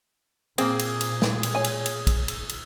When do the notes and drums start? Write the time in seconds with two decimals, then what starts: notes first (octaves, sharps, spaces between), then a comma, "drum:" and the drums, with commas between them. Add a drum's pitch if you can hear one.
0.58 A#2 A#3 C4 G#4, drum: cymbal
0.79 drum: cymbal
1.01 drum: cymbal
1.22 drum: snare
1.43 drum: cymbal
1.55 C#5 G#5
1.64 drum: cymbal
1.86 drum: cymbal
2.07 drum: kick, cymbal
2.28 drum: cymbal
2.49 drum: cymbal